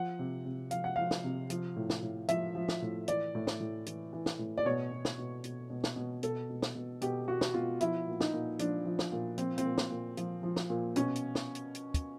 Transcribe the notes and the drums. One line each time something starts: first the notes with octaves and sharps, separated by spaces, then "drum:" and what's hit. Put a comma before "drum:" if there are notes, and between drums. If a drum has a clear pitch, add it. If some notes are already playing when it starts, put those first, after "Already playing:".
Already playing: F3 F#5
C3
C3
F3 F5, drum: hi-hat
F#5
F3 F5
drum: snare
C3
F3, drum: hi-hat
A2
drum: snare
A2
F3 E5, drum: hi-hat
F3
drum: snare
A2
E3 D5, drum: hi-hat
A2
drum: snare
A2
E3, drum: hi-hat
E3
drum: snare
A2
D5
B2 C#5
B2
drum: snare
B2
B2, drum: hi-hat
B2
drum: snare
B2
B2 A4, drum: hi-hat
B2
drum: snare
B2
B2 G4, drum: hi-hat
B2 F#4
drum: snare
B2 F4
F3 E4, drum: hi-hat
A#2
D#4, drum: snare
A#2
F3 D4, drum: hi-hat
F3
drum: snare
A#2
F3 C4, drum: hi-hat
C4, drum: hi-hat
A#2
drum: snare
A#2
F3, drum: hi-hat
F3
drum: snare
A#2
B2 C#4, drum: hi-hat
drum: hi-hat
drum: snare
drum: hi-hat
drum: hi-hat
drum: kick, hi-hat